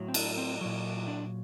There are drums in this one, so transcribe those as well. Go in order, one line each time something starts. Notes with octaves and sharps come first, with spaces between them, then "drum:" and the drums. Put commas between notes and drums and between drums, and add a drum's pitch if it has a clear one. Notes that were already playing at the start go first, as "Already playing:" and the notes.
Already playing: A2 F#3
C4
D4, drum: cymbal
C4
A#2 F#3
D4